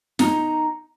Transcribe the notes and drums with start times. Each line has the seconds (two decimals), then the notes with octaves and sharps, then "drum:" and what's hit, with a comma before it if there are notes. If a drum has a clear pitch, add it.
0.19 D#4 A#5, drum: snare